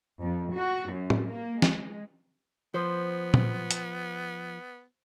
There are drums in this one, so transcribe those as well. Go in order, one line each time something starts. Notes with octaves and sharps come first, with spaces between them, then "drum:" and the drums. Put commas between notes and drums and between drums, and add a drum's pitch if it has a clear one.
F2
F#4
F#2
drum: tom A2
A#3
G#3, drum: snare
F3 B3 C5
drum: tom A#2
drum: hi-hat